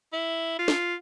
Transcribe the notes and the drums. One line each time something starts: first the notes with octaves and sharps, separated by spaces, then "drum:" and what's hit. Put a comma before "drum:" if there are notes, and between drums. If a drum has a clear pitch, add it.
E4
F4
drum: snare